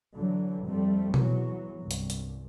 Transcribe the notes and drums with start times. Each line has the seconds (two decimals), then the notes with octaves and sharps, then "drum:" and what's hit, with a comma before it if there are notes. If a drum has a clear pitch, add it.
0.15 D3 E3 F#3
0.67 F2 G3 A3 C4
1.14 E2 E3 F#3, drum: tom B2
1.80 C2 G2
1.91 drum: hi-hat
2.10 drum: hi-hat